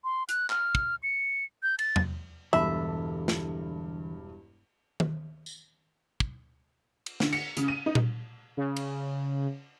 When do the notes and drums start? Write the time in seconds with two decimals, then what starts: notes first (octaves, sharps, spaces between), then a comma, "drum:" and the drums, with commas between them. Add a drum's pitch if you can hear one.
0.04 C6
0.29 F#6, drum: hi-hat
0.50 F6, drum: clap
0.75 drum: kick
1.03 C#7
1.63 G6
1.79 A6, drum: cymbal
1.96 drum: tom
2.53 E1 G2 D3 E3 E4 E5 B5
3.28 drum: snare
5.00 drum: tom D#3
5.46 drum: tambourine
6.20 drum: kick
7.06 drum: cymbal
7.20 D3, drum: snare
7.32 C#7, drum: cymbal
7.57 C#3, drum: hi-hat
7.68 D#7
7.86 D#4
7.95 drum: tom A#2
8.57 C#3
8.76 drum: cymbal